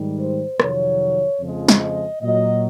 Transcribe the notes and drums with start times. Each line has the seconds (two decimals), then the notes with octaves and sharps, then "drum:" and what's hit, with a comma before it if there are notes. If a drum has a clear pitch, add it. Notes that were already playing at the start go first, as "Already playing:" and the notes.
Already playing: G#2 D#3 G3
0.19 C5
0.60 F2 C3 D#3 F#3 C#5, drum: rim click
1.40 F2 C#3 F3 G#3
1.68 drum: snare
1.81 D#5
2.22 A#2 F#3 D#5